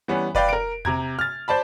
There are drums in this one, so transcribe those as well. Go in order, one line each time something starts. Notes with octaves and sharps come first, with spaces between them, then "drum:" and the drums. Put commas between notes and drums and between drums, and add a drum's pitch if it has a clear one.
E3 G3 B3 C#4
B4 D5 F5 G5, drum: kick F1
A#4 D7
C3 A#5 G#6, drum: tom E2
F6 A6
C5 D5 A5 B5